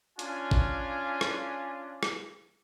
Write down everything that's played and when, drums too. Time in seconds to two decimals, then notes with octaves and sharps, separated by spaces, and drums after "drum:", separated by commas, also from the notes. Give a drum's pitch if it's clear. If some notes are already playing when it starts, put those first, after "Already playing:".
0.19 C#4 D4 F4 G#5, drum: hi-hat
0.51 drum: kick
1.21 drum: rim click
2.03 drum: rim click